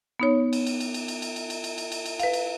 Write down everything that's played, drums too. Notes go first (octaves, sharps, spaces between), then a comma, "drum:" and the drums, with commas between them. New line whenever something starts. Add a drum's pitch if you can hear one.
B3 D#4 C#5
drum: cymbal
drum: cymbal
drum: cymbal
drum: cymbal
drum: cymbal
drum: cymbal
drum: cymbal
drum: cymbal
drum: cymbal
drum: cymbal
drum: cymbal
drum: cymbal
B4 F5, drum: cymbal
drum: cymbal